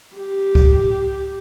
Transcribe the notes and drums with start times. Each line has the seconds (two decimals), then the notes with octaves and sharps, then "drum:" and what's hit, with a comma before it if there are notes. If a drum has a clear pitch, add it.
0.17 G4
0.55 drum: kick C#2